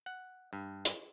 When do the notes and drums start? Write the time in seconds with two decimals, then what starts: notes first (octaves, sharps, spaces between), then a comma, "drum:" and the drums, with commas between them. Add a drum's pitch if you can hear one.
0.06 F#5
0.53 G2
0.85 drum: hi-hat